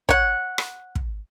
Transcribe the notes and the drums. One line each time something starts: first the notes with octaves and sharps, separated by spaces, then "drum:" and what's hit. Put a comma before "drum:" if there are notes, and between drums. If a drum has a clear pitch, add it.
C#5 F#5, drum: kick
drum: rim click
drum: kick